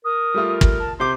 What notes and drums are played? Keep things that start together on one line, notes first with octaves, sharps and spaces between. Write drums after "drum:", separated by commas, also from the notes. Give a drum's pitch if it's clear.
A#4 D#6
G3 A3 F4
drum: kick
A5
C3 C6 D6 G6